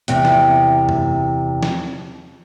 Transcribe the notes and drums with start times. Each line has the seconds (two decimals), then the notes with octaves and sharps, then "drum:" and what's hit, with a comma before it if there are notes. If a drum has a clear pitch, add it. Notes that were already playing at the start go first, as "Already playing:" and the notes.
0.08 E2 C3, drum: hi-hat
0.25 drum: snare
0.89 drum: tom
1.63 drum: snare